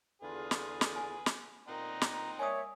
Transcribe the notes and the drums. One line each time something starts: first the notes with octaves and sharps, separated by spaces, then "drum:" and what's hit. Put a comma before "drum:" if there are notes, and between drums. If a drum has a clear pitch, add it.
E2 D3 F4 G#4 B4
drum: snare
drum: snare
G#5
drum: snare
A#2 C4 D#4 F#5 A#5
drum: snare
A#3 C#5 D5 E5 G#5 D#6